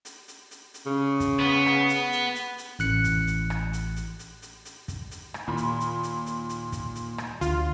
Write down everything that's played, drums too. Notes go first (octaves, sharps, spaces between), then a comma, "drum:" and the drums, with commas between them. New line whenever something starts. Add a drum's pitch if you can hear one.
drum: hi-hat
drum: hi-hat
drum: hi-hat
drum: hi-hat
C#3
drum: kick, hi-hat
B3
drum: rim click
drum: hi-hat
drum: hi-hat
drum: hi-hat
drum: hi-hat
A1 F#6 C#7, drum: hi-hat
drum: kick, hi-hat
drum: hi-hat
drum: rim click
drum: hi-hat
drum: hi-hat
drum: hi-hat
drum: hi-hat
drum: hi-hat
drum: kick, hi-hat
drum: hi-hat
drum: rim click
D#2 A#2 D#3 B5
drum: hi-hat
drum: hi-hat
drum: hi-hat
drum: hi-hat
drum: hi-hat
drum: kick, hi-hat
drum: hi-hat
drum: rim click
D2 F4, drum: hi-hat